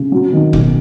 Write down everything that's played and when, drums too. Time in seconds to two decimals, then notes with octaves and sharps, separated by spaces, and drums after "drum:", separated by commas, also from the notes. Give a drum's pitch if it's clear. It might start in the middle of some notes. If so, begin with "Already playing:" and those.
Already playing: C#3
0.12 F#3
0.33 D#3
0.53 B1, drum: kick F1